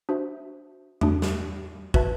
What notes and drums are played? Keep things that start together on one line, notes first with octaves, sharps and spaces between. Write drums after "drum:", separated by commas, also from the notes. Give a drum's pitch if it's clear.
D4 F#4 C5 E5
A3 D4 F#4, drum: tom E2
drum: snare
F#4 B4 E5 A5, drum: kick